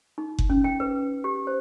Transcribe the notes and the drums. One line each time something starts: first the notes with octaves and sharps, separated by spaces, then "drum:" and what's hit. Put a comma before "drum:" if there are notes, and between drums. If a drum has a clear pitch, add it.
D#4
drum: kick F#1
C#4
G5
B4
G4
C5